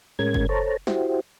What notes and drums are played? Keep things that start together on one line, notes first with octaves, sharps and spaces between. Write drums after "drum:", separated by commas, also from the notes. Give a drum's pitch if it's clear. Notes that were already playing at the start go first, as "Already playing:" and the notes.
A2 G#3 C#4 A#4 G#6
drum: kick
A4 C5 C#5 A5 A#5
E4 F#4 G4 C5, drum: snare